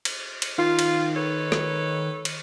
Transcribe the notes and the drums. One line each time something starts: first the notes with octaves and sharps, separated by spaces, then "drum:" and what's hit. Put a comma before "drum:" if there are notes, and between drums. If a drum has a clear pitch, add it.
drum: cymbal
drum: cymbal
D#3 F4
drum: cymbal
A4 B4 C#5
drum: rim click
drum: cymbal